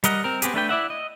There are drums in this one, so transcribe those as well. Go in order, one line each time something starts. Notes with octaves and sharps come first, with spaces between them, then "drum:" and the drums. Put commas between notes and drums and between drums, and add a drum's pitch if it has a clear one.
G3 A#4 D#5 F#5, drum: hi-hat
C4 A#4
B3 C4 G4 G#4, drum: hi-hat
A3 D4 B4 G5
E4 D5 E5 F#5
D#5